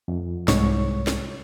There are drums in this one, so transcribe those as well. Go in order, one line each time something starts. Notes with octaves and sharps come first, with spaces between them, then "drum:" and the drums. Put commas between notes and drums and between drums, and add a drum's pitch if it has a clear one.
F2
C2 G#2 C#5 C#6, drum: snare
drum: snare